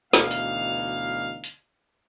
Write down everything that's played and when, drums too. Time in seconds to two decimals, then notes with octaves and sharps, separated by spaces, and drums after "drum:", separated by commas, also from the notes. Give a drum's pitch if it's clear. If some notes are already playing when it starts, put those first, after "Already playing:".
0.13 D2 B2 E3 D#4 F5, drum: snare
0.31 drum: hi-hat
1.44 drum: hi-hat